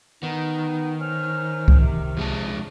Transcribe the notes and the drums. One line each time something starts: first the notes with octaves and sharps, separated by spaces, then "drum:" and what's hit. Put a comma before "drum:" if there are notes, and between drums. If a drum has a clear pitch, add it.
D#3 B3 D#4
C#4 C5 F6
drum: kick C2
C3
F2 G#3 A5